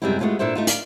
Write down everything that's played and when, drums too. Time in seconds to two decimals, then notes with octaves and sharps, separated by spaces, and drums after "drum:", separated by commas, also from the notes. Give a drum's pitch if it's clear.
0.02 F#2 C3 G3 G#3 C4 E4
0.20 G#3 A3 B3 C#4 F4
0.39 A#2 D4 E4 A4 C5 E5
0.55 A3 D#4 F4
0.67 D5 F5, drum: hi-hat